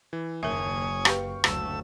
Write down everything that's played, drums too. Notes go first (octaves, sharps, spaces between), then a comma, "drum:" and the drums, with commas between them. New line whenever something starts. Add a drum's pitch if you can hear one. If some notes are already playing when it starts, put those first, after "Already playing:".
E3
F#1 D#2 A#4 C#5 E5 G#5 D#6
G4 B4 F5 G5 C#6, drum: rim click
F#1 D2 F#3 A3 E6, drum: rim click